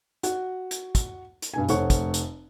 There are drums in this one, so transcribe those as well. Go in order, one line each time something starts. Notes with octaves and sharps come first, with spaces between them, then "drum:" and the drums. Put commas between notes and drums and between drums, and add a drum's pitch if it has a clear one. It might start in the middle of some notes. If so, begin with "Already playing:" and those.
F#4 F#5, drum: hi-hat
drum: hi-hat
drum: kick, hi-hat
drum: hi-hat
G2 B2 G#5
F1 A3 C5 C#5 F#5 C#6, drum: hi-hat
drum: kick, hi-hat
drum: hi-hat